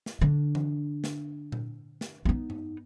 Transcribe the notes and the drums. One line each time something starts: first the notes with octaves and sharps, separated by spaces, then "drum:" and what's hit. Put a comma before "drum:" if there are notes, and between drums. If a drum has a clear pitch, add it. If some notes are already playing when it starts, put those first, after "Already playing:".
drum: snare
D3 D4
drum: tom E3
drum: snare
drum: tom A#2
drum: snare
B3 D#4
drum: tom